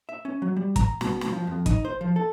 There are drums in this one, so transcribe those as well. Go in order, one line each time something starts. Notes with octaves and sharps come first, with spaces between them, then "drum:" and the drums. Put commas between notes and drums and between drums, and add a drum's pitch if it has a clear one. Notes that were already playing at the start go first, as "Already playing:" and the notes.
E5
C#4
F#3
G3
A#5, drum: kick, hi-hat
B2, drum: snare
drum: snare
F3
F2
D#4, drum: kick, hi-hat
C5
F3
A4